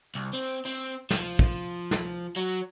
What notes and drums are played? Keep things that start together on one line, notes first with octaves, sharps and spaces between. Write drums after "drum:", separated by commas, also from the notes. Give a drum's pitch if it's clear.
C2
C4
C4, drum: hi-hat
F3, drum: snare
drum: kick
drum: snare
F#3